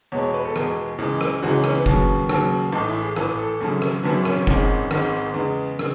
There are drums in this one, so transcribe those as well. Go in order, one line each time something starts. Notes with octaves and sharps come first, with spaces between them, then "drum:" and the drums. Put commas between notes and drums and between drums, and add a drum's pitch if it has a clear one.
E2 B2 G#3 C#5
C#5
B4
A4
E2 B2 G#3 G#4, drum: rim click
C#2 C#3 E3 G#3
drum: rim click
C#2 C#3 E3 G#3 F#4
C#4
C#4, drum: rim click
B3
D#2 C#3 F#3, drum: kick F1
D#2 C#3 F#3, drum: rim click
A1 A2 E3 D#4
E4
G#4
A1 A2 E3 B4, drum: rim click
A4
G#1 F#2 C#3 F#3
drum: rim click
G#1 F#2 C#3 F#3 B3
C#4, drum: rim click
G#1 G#2 D#3 G#3, drum: kick F1
G#1 G#2 D#3 G#3, drum: rim click
E2 C#3 G#3 B3
C#3, drum: rim click